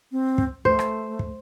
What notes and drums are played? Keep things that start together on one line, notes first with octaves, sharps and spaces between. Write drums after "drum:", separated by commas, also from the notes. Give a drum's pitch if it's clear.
C4
drum: kick
A3 C5, drum: kick
drum: rim click
drum: kick